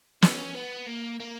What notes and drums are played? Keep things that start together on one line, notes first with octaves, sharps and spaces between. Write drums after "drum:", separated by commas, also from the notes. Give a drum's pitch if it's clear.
C#4, drum: snare
B3
A#3
A#3